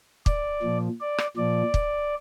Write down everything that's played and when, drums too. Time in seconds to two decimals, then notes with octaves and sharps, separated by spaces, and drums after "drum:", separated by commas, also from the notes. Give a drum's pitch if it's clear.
0.26 D5, drum: kick
0.63 A#2 F3
1.01 D5
1.18 drum: rim click
1.37 A#2 F3 D5
1.74 drum: kick